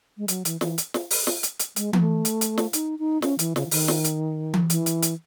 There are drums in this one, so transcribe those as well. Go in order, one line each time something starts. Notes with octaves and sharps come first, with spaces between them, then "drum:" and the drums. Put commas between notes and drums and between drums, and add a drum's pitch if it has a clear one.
G#3
F#3, drum: hi-hat
E3, drum: hi-hat
E3, drum: snare
drum: hi-hat
drum: snare
drum: open hi-hat
drum: snare
drum: hi-hat
drum: hi-hat
G#3, drum: hi-hat
B3, drum: tom E3
A3
drum: hi-hat
drum: hi-hat
drum: snare
D#4, drum: hi-hat
D#4
C#4, drum: snare
E3, drum: hi-hat
C#3, drum: snare
E3
D#3, drum: open hi-hat
drum: snare
drum: hi-hat
drum: tom E3
E3, drum: hi-hat
drum: hi-hat
drum: hi-hat